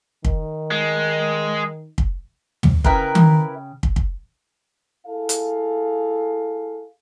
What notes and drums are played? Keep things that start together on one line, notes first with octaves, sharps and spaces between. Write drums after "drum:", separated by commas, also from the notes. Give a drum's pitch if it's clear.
D#3, drum: kick
G#3
drum: kick
drum: tom
C#3 E4 A#4 B4 G5 G#5, drum: kick
drum: tom D#3
drum: kick
drum: kick
E4 G#4 A4 F5
drum: hi-hat